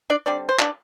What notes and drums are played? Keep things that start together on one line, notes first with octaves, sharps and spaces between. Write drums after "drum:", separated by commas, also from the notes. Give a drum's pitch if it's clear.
D4 D5
D3 G3 C4 D4 D5
C5
D4 D5, drum: clap